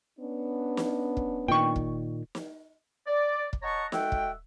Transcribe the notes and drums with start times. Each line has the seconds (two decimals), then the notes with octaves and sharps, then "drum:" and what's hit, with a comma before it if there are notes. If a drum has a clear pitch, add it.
0.19 B3 C#4 D4
0.77 drum: snare
1.17 drum: kick
1.48 A#2 D#3 G5 C#6
1.76 drum: kick
2.35 drum: snare
3.07 D5
3.53 drum: kick
3.62 C#5 D#5 F#5 A5 A#5 C#6
3.92 G#3 F#4 A4 E5 F#5 G5, drum: snare
4.12 drum: kick